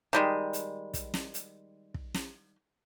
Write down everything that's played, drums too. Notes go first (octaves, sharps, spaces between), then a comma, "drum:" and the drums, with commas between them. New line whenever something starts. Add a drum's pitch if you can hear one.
D#3 G3 G#3
drum: hi-hat
drum: kick, hi-hat
drum: snare
drum: hi-hat
drum: kick
drum: snare